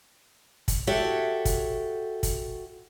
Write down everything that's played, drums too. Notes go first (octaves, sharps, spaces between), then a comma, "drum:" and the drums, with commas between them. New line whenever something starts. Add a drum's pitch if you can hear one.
drum: kick, hi-hat
F#4 G4 A4 C#5 E5 F#5
drum: kick, hi-hat
drum: kick, hi-hat